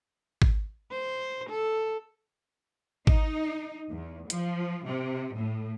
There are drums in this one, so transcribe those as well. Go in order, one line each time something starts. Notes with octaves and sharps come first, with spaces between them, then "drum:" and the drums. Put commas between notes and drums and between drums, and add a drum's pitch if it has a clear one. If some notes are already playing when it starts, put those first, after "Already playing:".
drum: kick
C5
A4
D#4, drum: kick
E2
F3, drum: hi-hat
C3
A2